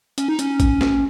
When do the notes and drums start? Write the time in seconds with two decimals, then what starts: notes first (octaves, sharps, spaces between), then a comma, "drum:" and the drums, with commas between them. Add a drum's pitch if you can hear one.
0.18 C#4, drum: hi-hat
0.28 D#4
0.39 C#4, drum: hi-hat
0.60 drum: kick, hi-hat
0.81 drum: snare